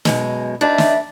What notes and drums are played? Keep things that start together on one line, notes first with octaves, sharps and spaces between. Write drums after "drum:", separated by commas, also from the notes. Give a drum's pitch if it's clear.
F#2 B2 G#3, drum: snare
D4 D#4 E5
drum: snare